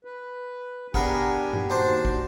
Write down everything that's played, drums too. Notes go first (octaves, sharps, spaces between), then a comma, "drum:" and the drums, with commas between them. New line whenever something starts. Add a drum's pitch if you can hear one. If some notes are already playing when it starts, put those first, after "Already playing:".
B4
B3 D4 G4 G#4 A#4 G#5, drum: kick
G4, drum: tom G2
D#2 D4 F#4 C5 A5
drum: kick